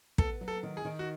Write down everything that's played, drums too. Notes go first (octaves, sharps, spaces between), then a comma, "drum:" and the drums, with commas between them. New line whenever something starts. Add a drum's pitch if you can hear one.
B3 A4, drum: kick
F#3
A4
D#3
G#4
D#3
F#4